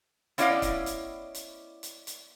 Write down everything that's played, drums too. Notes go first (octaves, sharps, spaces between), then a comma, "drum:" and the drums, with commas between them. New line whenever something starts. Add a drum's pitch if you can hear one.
B3 C#4 E4 D5 D#5 F5, drum: hi-hat
drum: kick, hi-hat
drum: hi-hat
drum: hi-hat
drum: hi-hat
drum: hi-hat